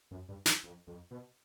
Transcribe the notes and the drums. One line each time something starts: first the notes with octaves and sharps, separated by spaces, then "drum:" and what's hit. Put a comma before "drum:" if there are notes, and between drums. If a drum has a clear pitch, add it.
F#2
G2
G2, drum: snare
F2
F2
B2